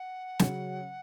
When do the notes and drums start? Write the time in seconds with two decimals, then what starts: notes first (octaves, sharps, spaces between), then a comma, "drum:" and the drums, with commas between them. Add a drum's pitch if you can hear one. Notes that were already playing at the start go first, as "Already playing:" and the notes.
Already playing: F#5
0.39 C#3 F#3 C#4, drum: snare